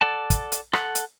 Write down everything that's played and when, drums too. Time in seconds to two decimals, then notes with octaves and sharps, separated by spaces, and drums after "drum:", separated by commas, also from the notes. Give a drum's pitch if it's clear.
0.01 A4 D5 F#5 A5
0.30 drum: kick, hi-hat
0.52 drum: hi-hat
0.73 A4 F#5, drum: rim click
0.95 drum: hi-hat